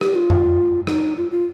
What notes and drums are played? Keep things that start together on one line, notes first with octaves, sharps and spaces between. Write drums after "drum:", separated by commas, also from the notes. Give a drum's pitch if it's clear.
G4, drum: rim click
F4
drum: tom F2
D#4, drum: rim click
F4
F4